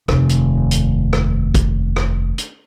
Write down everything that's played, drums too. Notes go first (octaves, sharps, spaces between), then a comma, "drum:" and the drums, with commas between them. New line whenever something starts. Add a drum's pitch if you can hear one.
F1 D#2, drum: rim click
drum: hi-hat
drum: hi-hat
drum: rim click
drum: kick A1, hi-hat
drum: rim click
drum: hi-hat